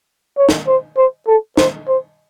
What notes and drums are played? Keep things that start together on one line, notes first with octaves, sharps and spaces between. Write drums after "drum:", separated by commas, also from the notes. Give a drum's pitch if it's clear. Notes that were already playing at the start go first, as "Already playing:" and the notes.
C#5
drum: snare
C5
C5
A4
C5, drum: snare
C5